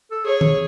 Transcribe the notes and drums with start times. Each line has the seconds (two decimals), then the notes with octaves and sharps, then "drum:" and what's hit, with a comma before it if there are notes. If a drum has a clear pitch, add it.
0.11 A4
0.25 G#4 C#5
0.41 drum: tom